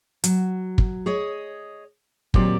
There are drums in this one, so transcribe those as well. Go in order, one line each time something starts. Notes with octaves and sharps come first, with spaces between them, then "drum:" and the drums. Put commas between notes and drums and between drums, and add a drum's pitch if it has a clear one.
F#3, drum: hi-hat
drum: kick
G#4 C#5 D#5
D#2 A#2 F#3 C4 G4 D5, drum: kick